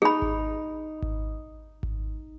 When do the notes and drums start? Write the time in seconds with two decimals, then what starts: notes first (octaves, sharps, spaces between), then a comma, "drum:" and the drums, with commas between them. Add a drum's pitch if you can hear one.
0.02 D#4 G#4 B5
0.22 drum: kick G#1
1.02 drum: kick G#1
1.83 drum: kick G#1